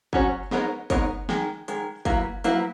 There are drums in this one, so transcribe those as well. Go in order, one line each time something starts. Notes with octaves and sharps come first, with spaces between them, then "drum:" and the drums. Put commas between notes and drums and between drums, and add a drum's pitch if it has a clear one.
F#3 C#4 F#4 C#5, drum: kick
G#3 B3 D#4 A#4 C#5, drum: snare
G#3 B3 D#4 A#4 C#5, drum: kick, hi-hat
D#3 G#3, drum: snare
D#3 G#3, drum: hi-hat
F#3 A#3 E4 B4, drum: kick, hi-hat
F#3 A#3 E4 B4, drum: hi-hat